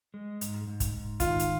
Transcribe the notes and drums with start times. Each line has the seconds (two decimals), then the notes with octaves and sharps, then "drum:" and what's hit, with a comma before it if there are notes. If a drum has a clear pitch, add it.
0.14 G#3
0.41 G#2, drum: hi-hat
0.67 G#2
0.80 drum: kick, hi-hat
0.94 G#2
1.20 D#3 F4, drum: kick, hi-hat
1.39 drum: hi-hat